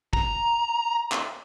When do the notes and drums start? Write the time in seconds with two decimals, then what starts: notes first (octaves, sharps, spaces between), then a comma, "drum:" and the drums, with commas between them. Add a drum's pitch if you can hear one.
0.13 A#5, drum: kick
1.12 drum: clap